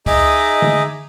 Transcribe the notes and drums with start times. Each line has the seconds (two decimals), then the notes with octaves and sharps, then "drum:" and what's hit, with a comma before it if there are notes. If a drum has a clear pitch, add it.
0.06 D#4 G#4 D#5 E5 D6, drum: kick C#2, open hi-hat
0.62 drum: tom D3